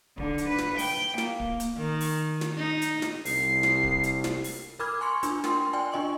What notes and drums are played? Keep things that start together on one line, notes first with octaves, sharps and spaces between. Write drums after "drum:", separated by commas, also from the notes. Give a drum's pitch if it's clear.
D3, drum: kick D1
drum: hi-hat
B4
drum: snare
G5, drum: open hi-hat
A#3, drum: snare
drum: kick D1
drum: hi-hat
D#3
drum: open hi-hat
drum: snare
D#4
drum: hi-hat
drum: snare
C2 C7, drum: open hi-hat
drum: snare
drum: kick D1
drum: hi-hat
drum: snare
drum: open hi-hat
A#4 B5 D6 F6 G#6
G#5 C6 C#6 C#7
D4 F4, drum: hi-hat
A#4 G5 C6, drum: snare
D5 G5 G#5 C6
D4 F4 D#5 C#6 F#7